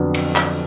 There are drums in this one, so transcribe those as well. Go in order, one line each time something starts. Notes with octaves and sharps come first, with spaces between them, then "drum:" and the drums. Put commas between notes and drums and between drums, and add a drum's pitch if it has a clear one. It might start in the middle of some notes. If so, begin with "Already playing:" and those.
Already playing: F2 D3 F#3 B3 D4
drum: cymbal
drum: clap